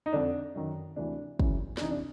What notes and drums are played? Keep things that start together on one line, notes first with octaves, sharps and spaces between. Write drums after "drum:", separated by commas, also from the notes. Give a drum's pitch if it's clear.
D#4
F2 D3 D4
F#2 D#3
D2 C3 E3 D4
F#2 C#3 E3, drum: kick
D4, drum: snare
F2 C3 E3 D#4
D4